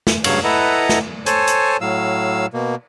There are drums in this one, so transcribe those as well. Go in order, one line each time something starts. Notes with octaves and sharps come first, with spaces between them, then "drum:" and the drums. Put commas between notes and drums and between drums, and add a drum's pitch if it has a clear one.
drum: snare
G2 C#3 F#3 C#5 F5, drum: cymbal
E4 A4 B4 D#5 F#5 A#5
drum: snare
A4 C5 C#5 G#5 A5, drum: hi-hat
drum: hi-hat
A2 F#3 F5 E6
B2 A#3